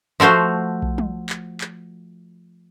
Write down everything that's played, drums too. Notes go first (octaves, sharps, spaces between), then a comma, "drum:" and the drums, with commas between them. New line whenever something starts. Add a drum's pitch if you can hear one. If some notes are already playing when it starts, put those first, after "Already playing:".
F3 A3 F#4 C5 F5
drum: kick B1
drum: tom
drum: clap
drum: clap